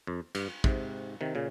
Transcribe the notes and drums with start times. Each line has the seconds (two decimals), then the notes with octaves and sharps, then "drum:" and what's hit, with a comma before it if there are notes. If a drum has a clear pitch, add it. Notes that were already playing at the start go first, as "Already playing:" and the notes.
0.07 F2
0.35 G2, drum: cymbal
0.64 G#2 C3, drum: kick
1.21 C3 D#3
1.35 A#2 C#3